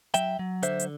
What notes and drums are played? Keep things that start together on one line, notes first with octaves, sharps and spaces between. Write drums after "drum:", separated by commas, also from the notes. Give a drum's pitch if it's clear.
F#3 E5 G5, drum: hi-hat
F#3
D3 C5 E5, drum: hi-hat
drum: hi-hat